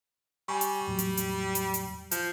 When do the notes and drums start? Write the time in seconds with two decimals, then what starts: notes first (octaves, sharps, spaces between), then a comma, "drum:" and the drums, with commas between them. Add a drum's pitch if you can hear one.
0.48 G3 G#5 C#6
0.61 drum: hi-hat
0.87 E2 A2 F#3
0.99 drum: hi-hat
1.17 drum: hi-hat
1.55 drum: hi-hat
1.74 drum: hi-hat
2.11 F3, drum: hi-hat